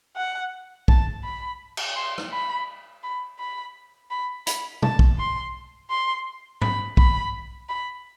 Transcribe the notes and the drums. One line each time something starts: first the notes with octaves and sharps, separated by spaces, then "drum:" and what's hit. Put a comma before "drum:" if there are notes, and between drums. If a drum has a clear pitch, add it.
F#5
A5, drum: kick
B5
drum: cymbal
C6
drum: rim click
B5
B5
B5
B5
B5, drum: hi-hat
A5, drum: tom
drum: kick
C6
C6
B5, drum: tom G#2
B5, drum: kick
B5